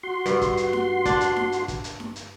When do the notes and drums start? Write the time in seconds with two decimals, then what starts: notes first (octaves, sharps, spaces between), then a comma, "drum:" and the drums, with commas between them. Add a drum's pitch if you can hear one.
0.03 F#4 C6
0.26 G2, drum: hi-hat
0.41 drum: kick, hi-hat
0.57 drum: hi-hat
0.73 drum: snare D#4
1.05 D4, drum: kick, hi-hat
1.21 drum: hi-hat
1.36 drum: snare D#4
1.52 drum: hi-hat
1.68 drum: kick, hi-hat
1.84 drum: hi-hat
2.00 drum: snare D#4
2.16 drum: hi-hat